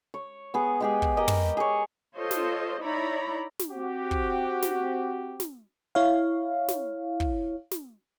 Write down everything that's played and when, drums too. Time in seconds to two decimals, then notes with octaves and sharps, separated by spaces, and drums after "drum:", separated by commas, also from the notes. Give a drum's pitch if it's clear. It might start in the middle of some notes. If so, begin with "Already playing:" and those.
0.14 C#5
0.54 B3 G#4
0.80 G#3 G4 G#4
1.02 drum: kick
1.17 G4 A#4 D#5
1.28 drum: tom
1.57 G#4 C#5
2.17 F4 A4 C5 C#5 D#5
2.31 drum: snare
2.82 D#4 E4 C#5 D5 A#5 B5
3.59 drum: snare
3.71 C4 F#4 G4
4.11 drum: kick
4.62 drum: snare
5.40 drum: snare
5.95 E4 C#5 F5
6.68 drum: snare
7.20 drum: kick
7.71 drum: snare